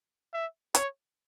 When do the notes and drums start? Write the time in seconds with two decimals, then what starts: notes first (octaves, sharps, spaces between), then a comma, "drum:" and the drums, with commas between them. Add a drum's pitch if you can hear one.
0.34 E5
0.75 C#5, drum: hi-hat